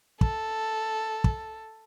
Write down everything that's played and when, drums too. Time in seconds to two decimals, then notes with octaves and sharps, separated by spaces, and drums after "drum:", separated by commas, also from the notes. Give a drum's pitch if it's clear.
0.21 A4, drum: kick
1.24 drum: kick